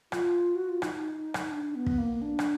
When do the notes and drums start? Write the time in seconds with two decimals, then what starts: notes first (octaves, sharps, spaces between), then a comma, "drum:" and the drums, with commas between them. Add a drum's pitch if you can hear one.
0.12 F4, drum: rim click
0.55 F#4
0.69 F4
0.82 D#4, drum: rim click
1.34 drum: rim click
1.51 D4
1.75 B3
1.86 drum: kick
1.98 A#3
2.22 D4
2.39 drum: rim click